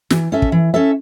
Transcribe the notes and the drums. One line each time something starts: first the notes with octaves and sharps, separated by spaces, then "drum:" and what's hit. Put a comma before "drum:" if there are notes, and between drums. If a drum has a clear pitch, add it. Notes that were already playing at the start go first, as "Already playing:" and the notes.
E3, drum: snare
C#4 A4 E5
drum: kick
E3
C#4 A4 E5